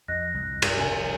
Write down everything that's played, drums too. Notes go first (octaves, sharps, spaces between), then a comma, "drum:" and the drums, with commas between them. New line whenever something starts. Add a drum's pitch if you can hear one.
F2 D#5 F#6 A#6
C2
G2 D4, drum: cymbal
F1 C2 D4 G#5